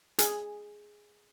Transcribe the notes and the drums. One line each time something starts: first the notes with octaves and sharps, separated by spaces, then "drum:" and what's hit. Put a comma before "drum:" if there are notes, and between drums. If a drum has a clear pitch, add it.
G#4, drum: hi-hat